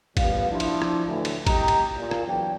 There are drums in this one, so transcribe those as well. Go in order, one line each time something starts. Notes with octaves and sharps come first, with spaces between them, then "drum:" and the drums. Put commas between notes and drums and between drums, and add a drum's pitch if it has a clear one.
A1 D#2 F3 G3 B3 F5, drum: kick G#1, cymbal
F3 D4 E4
drum: cymbal
drum: rim click
D2 A2 E3
drum: cymbal
C2 G4 D#5 A#5, drum: kick G#1, cymbal
drum: cymbal
A#2
drum: rim click
E2 F#3 D4 G5